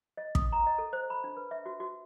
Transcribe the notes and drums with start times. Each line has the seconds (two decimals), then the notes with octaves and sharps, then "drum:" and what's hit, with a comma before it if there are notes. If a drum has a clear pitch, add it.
0.17 D#5
0.35 D#6, drum: kick
0.52 A#5
0.66 D#5
0.78 A4
0.93 C5
1.10 B5
1.24 D4
1.37 B4
1.51 E5
1.66 F#4
1.80 F#4